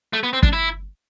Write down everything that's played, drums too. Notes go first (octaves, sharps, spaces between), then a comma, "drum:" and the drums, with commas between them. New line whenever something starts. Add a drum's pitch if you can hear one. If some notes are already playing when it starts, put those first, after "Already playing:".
A3
B3
C4
D4, drum: kick
E4